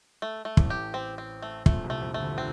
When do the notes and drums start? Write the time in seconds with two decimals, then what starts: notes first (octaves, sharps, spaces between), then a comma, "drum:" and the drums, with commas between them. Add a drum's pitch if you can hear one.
0.22 A3
0.45 A3
0.57 A1 A2, drum: kick
0.70 G4
0.94 C4
1.18 C4
1.42 A3
1.66 A#1 A#2 A3, drum: kick
1.84 C2 C3
1.90 A3
2.02 F2 F3
2.14 A3
2.20 D2 D3
2.37 D3 C4